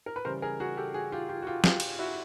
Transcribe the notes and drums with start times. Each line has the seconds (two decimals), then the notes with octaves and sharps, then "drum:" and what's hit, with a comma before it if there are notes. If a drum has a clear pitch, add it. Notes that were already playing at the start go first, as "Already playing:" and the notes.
0.06 A#4
0.16 B4
0.25 C#3 E3 G3 A#4 C5
0.42 G#4 A#4
0.60 F#4 G#4
0.77 G4 A4
0.94 F#4 G#4
1.12 F4 G4
1.29 F4 G4
1.42 F#4
1.47 F4 G4
1.64 F4 G4, drum: snare
1.80 drum: cymbal
1.99 E4 F#4